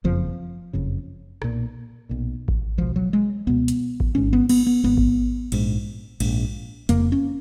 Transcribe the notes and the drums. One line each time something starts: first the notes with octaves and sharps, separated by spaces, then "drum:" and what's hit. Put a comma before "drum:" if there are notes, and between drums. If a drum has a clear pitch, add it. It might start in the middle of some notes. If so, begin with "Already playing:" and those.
F#1 F2 C#3 F3
F#1 F2 C#3
B1 A#2, drum: rim click
B1 A#2
drum: kick A1
C#2 B2 F3
F#3
G#3
C#2 B2 B3
drum: hi-hat
drum: kick A1
G#1 G#2 C#4
B3
B3, drum: cymbal
B3
G#1 G#2 B3
drum: kick A1
A#1 G#2, drum: cymbal
A#1 G#2, drum: cymbal
F1 F2 C#3 A#3, drum: hi-hat
C#4